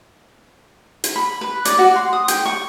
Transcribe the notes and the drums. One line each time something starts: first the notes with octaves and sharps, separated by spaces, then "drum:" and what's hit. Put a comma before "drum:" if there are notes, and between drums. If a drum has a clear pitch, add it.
drum: hi-hat
B5
B4
D5, drum: hi-hat
F#4
C6
D#6
G5, drum: hi-hat
C#6